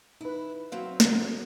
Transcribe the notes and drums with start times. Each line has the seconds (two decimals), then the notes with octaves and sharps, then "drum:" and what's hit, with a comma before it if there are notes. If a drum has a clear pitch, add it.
0.21 D#4 E4 B4
0.72 F#3 C4 E5 F5
1.00 drum: snare